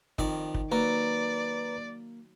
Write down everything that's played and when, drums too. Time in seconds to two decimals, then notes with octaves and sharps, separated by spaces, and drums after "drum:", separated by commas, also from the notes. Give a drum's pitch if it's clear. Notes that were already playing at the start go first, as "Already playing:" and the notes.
0.18 F2 D#3 D5, drum: kick
0.54 drum: kick
0.72 F#3 A#3 B4 D5 A#5